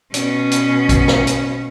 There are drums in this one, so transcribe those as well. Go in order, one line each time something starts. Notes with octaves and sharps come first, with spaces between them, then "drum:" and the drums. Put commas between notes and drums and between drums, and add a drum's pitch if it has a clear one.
B2 C#4, drum: hi-hat
drum: hi-hat
drum: kick, hi-hat
drum: snare
drum: hi-hat